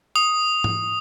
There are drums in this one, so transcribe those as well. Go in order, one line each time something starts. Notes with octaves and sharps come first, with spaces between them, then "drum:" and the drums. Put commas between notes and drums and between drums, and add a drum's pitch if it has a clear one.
D#6
drum: tom G#2